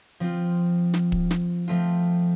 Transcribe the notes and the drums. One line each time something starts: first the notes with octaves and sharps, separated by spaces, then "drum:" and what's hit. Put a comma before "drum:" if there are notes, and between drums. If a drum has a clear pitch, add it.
F3 C4 F4
drum: snare
drum: kick
drum: snare
F3 A3 C4 F4